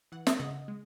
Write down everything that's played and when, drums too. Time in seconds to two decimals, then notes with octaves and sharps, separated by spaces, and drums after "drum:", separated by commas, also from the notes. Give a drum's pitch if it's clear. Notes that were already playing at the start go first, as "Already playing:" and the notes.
0.12 E3 F#5
0.27 E5, drum: snare
0.39 C#3 D#5 F#5
0.68 G#3